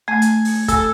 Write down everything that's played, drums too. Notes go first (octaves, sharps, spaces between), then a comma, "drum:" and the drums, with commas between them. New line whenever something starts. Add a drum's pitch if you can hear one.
A3 G#5 G#6
drum: hi-hat
drum: open hi-hat
A4 G#5, drum: kick, hi-hat